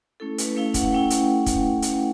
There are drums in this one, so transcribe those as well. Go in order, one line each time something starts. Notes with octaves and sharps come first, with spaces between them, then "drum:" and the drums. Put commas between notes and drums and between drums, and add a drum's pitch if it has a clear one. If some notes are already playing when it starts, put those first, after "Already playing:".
A3 C#4 E4 A4
B4, drum: hi-hat
A3 C#4 E4 F5
F#5, drum: kick, hi-hat
A3 C#4 E4 G5
drum: hi-hat
drum: kick, hi-hat
drum: hi-hat